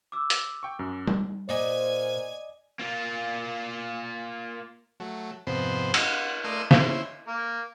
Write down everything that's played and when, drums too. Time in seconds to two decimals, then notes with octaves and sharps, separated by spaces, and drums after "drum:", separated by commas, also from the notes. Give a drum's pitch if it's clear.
0.12 D6 E6
0.30 drum: hi-hat
0.63 G5 C#6
0.79 F#2
1.07 drum: tom G3
1.49 A#2 C5 D5 D#5 G#5
2.79 A#3 F4
5.00 F#3 A3
5.47 F2 G#2 C3 B3 C5
5.94 F#5, drum: cymbal
6.44 A3 A#4 D5 C6 D#6 E6
6.71 C#4 E4 C5, drum: snare
7.28 A#3